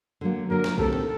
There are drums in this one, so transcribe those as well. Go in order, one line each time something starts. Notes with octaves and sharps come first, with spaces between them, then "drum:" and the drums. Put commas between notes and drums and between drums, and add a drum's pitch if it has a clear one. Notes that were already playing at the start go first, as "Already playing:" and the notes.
D3 F#3 A#3
D3 F#3 A#3 A#4
drum: snare
D#2 D#3 A3 C4 G4 A4, drum: kick A#1
drum: tom A#2